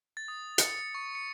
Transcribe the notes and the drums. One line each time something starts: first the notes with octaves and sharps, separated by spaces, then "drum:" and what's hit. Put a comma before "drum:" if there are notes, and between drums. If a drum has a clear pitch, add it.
A6
D#6
C#7, drum: hi-hat
C#6
C#7